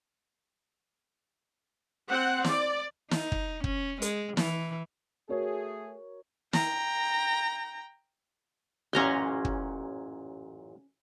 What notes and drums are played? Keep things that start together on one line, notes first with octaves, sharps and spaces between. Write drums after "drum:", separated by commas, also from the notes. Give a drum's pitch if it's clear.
C4 F#5
D5, drum: snare
D#4, drum: snare
drum: kick
C#4, drum: kick
G#3, drum: hi-hat
E3, drum: snare
A3 F#4 G#4 A#4 C#5
G5 A#5, drum: snare
A1 F#2 A#2 C#4 A#5 C6
drum: kick